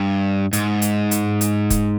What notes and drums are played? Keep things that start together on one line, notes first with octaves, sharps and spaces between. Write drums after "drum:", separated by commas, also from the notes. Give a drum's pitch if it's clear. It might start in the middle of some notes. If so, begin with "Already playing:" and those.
Already playing: G2
G#2, drum: hi-hat
drum: hi-hat
drum: hi-hat
drum: hi-hat
drum: kick, hi-hat